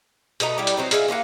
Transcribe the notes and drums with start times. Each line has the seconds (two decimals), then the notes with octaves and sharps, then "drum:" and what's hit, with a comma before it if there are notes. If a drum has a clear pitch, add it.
0.40 B2 A3 D#5 A#5, drum: hi-hat
0.58 G3 E4 G4 D5
0.67 drum: hi-hat
0.77 F#3 C4 D#4
0.91 F4 G#4 D#5 E5, drum: hi-hat
1.08 A#3 D4 F4 F#5